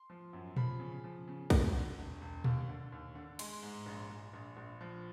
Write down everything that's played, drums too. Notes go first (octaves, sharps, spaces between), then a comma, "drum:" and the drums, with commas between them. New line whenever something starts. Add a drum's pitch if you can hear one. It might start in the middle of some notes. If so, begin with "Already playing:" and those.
Already playing: C6
F3
F#2
F3 B5, drum: tom A#2
C#3
F3
C#3
E1, drum: kick, cymbal
D3
E1
E1
D#2, drum: tom A#2
D3
D#2
D3
G#3 C6, drum: cymbal
G#2
A#1
A#1
A#1
A#1
F3